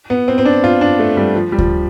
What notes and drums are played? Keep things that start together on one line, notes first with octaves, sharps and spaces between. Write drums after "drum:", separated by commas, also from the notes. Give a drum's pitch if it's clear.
B3
C4
C4
D4
F4
D4
A3
G3
F3
G3
F3, drum: kick D2